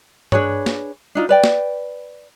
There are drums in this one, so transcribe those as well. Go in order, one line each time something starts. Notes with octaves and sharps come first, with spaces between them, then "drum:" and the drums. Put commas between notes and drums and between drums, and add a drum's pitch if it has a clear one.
D4 G#4 B4 C#5, drum: tom G2
drum: snare
D4 D#4 F4
B4 D5 G5
drum: snare